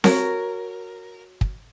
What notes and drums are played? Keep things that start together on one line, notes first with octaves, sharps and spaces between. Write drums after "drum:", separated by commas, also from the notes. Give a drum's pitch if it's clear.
F#4 A#4 C#5, drum: snare C4
drum: kick